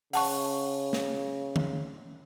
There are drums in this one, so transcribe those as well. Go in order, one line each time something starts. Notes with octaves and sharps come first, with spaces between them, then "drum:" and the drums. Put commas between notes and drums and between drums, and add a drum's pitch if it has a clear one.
C#3 F#5 A5 C#6, drum: open hi-hat
drum: snare
drum: tom D3